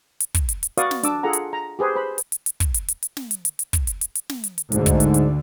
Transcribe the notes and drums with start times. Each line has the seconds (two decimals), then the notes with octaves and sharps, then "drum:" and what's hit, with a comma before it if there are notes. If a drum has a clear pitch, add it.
0.20 drum: hi-hat
0.34 drum: kick, hi-hat
0.49 drum: hi-hat
0.63 drum: hi-hat
0.77 F#4 B4 D5 F5 C#6 D#6, drum: hi-hat
0.91 drum: snare
1.03 D4 D6 E6, drum: hi-hat
1.23 F4 G#4 A4 F#5 A#5
1.33 drum: hi-hat
1.53 A#5
1.79 G4 G#4 B4 C5 B5
1.96 B4 C5 B5
2.18 drum: hi-hat
2.32 drum: hi-hat
2.46 drum: hi-hat
2.60 drum: kick, hi-hat
2.74 drum: hi-hat
2.88 drum: hi-hat
3.03 drum: hi-hat
3.17 drum: snare
3.31 drum: hi-hat
3.45 drum: hi-hat
3.59 drum: hi-hat
3.73 drum: kick, hi-hat
3.87 drum: hi-hat
4.01 drum: hi-hat
4.15 drum: hi-hat
4.29 drum: snare
4.44 drum: hi-hat
4.58 drum: hi-hat
4.72 D2 G#2 D3, drum: hi-hat
4.86 drum: kick, hi-hat
5.00 drum: hi-hat
5.14 drum: hi-hat